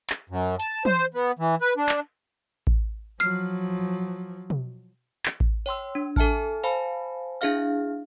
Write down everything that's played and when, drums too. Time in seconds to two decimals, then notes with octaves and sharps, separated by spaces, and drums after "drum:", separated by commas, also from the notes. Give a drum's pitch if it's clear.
0.10 drum: clap
0.30 F#2
0.59 A5, drum: hi-hat
0.85 C5, drum: tom
1.14 B3
1.39 E3
1.61 B4
1.77 D4
1.89 drum: clap
2.67 drum: kick A1
3.20 F3 F#3 F6 C7
4.50 drum: tom B2
5.26 drum: clap
5.40 drum: kick A1
5.66 C#5 G5 C6 E6
5.95 D4
6.16 A4 E5 G#5 A5 F6, drum: kick A1
6.64 C5 F5 G#5 A5 B5
7.41 D4 E4 G#4 E5 F5 F6